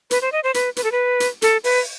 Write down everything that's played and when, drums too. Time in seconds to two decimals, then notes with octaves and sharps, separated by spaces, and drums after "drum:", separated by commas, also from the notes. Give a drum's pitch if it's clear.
0.11 B4, drum: hi-hat
0.22 C5
0.32 D#5
0.44 C5
0.54 B4, drum: hi-hat
0.76 B4, drum: hi-hat
0.84 A4
0.92 B4
1.20 drum: hi-hat
1.42 A4, drum: hi-hat
1.64 B4, drum: open hi-hat